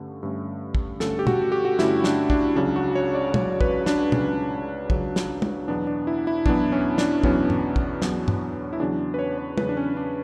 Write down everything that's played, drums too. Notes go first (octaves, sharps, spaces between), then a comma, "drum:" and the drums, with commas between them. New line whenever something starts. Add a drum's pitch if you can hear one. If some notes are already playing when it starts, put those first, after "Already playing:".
Already playing: G2 D3 A3 C#4
G2 D3 A3 C#4
drum: kick
G2 D3 A3 C#4 A4, drum: snare
G4
F#4, drum: tom
G4
F#4
G2 D3 A3 C#4 E4, drum: snare
D4, drum: snare
D4, drum: kick
C#2 C#3 F#3 C#4 D4
F#4
C#5
D5
C#2 C#3 F#3 C#4 C#5, drum: tom
B4, drum: kick
D4, drum: snare
C#2 C#3 F#3 C#4, drum: tom
C#2 C#3 F#3 C#4, drum: kick
drum: snare
drum: tom
E2 B2 F#3 B3 D4
D4
E4
E4
E2 B2 F#3 B3 D4, drum: kick
C#4
D4, drum: snare
E2 B2 F#3 B3 C#4, drum: kick
drum: tom
drum: kick
E2 B2 F#3 B3, drum: snare
drum: tom
E4
E2 C#3 F#3 C#4 D4
B4
C#5
C#5
E2 C#3 F#3 C#4 B4, drum: tom
D4
C#4
D4